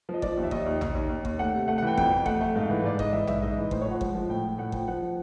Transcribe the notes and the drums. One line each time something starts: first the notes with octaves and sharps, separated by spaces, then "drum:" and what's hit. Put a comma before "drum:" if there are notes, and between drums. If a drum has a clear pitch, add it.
F3 D#5
F3 D5, drum: kick G1
D#2
E5
D#2 D#5, drum: kick G1
D#2
D#2, drum: tom A#1
D#2
D#2
D#2, drum: kick G1
A3 F#5
C3
A3 F#5
F#5
E3 G5
F2 G5, drum: kick G1
F2
A3 F#5, drum: kick G1
A3
G#2 F5
E3
G#2 D5
G#2 D#5, drum: kick G1
E3 E5
G#2 E5, drum: tom A#1
G#2 D#5
E3
A2 C5, drum: kick G1
C#5
F3
F#5
G#3, drum: kick G1
F3
A2 G5
A2
A2 F#5
F3 G5, drum: kick G1
F3 F#5
F3